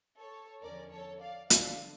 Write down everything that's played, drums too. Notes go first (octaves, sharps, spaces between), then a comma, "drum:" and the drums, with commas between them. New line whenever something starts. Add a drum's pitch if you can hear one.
A4 C#5
E2 D3 F3 C#4 A#4 D5
A4 C#5
D5 F5
D3 F3 A3 D4 D5 F5, drum: hi-hat